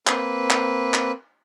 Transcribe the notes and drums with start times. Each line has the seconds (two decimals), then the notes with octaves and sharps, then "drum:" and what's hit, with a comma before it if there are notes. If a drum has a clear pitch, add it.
0.07 A#3 C4 B4, drum: clap
0.50 drum: clap
0.94 drum: clap